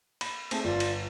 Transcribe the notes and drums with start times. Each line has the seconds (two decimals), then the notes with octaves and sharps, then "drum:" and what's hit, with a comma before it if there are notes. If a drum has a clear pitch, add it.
0.21 B5, drum: cymbal
0.51 A3 C4 G#4 A5, drum: cymbal
0.64 G1 F4 D5
0.80 drum: cymbal